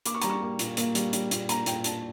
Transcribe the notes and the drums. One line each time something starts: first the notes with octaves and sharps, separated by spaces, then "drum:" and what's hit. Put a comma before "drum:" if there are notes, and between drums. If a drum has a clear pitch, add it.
A#3 D6, drum: hi-hat
C#6
G3 A#5, drum: hi-hat
C#6
A#3
A#2, drum: hi-hat
A#3, drum: hi-hat
G3, drum: hi-hat
G3, drum: hi-hat
A#2, drum: hi-hat
A#3 A#5, drum: hi-hat
A#2 G5, drum: hi-hat
D4 A5, drum: hi-hat